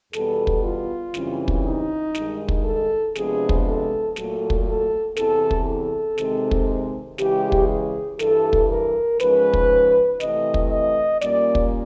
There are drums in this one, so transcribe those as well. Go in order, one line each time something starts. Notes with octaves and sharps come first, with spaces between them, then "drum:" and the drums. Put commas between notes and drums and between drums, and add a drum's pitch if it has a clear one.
E2 B2 G3 B3 A4, drum: snare
drum: kick
F4
F#2 C#3 E3 G3 C4, drum: snare
drum: kick
D#4
G2 D#3 G#3, drum: snare
drum: kick
A4
C3 F3 G#3 B3 D4 G#4, drum: snare
drum: kick
A4
A#2 F#3 A3 A4, drum: snare
drum: kick
A4
E2 C3 E3 A4, drum: snare
drum: kick
A4
C3 D#3 G#3 C4, drum: snare
drum: kick
C#3 E3 G#3 G4, drum: snare
drum: kick
G#4
G2 E3 G3 A4, drum: snare
drum: kick
A#4
G#2 F3 G#3 C#4 B4, drum: snare
drum: kick
C3 E3 A3 C4 D#5, drum: snare
drum: kick
D#5
A#2 G3 A#3 C#4 D5, drum: snare
drum: kick